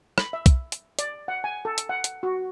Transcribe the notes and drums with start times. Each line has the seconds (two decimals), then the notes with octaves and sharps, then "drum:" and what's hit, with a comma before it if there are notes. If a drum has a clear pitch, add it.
0.18 B5, drum: rim click
0.33 E5
0.46 drum: kick, hi-hat
0.72 drum: hi-hat
0.99 D5, drum: hi-hat
1.28 F#5
1.44 G#5
1.65 A4
1.78 drum: hi-hat
1.89 F#5
2.04 drum: hi-hat
2.23 F#4